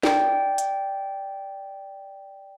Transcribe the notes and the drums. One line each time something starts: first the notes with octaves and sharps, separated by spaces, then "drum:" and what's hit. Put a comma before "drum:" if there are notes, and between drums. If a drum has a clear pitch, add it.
D5 G5, drum: snare
drum: hi-hat